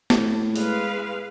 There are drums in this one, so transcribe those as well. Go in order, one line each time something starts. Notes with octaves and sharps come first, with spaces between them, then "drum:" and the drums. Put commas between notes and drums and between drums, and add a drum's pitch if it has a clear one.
A2, drum: snare
G#3 B4 F5, drum: open hi-hat